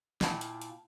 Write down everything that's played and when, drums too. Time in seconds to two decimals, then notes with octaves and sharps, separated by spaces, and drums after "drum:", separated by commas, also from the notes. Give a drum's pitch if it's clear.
0.21 A#2 E4 F5 G5 A5, drum: snare
0.41 drum: hi-hat
0.62 drum: hi-hat